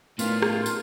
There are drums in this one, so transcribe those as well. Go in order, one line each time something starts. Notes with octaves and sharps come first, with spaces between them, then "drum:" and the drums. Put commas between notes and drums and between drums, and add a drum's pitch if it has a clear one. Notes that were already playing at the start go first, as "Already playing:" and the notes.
A2 A3 B3 C#4 D#4 F4 A#4 F5, drum: tambourine
drum: rim click
drum: tambourine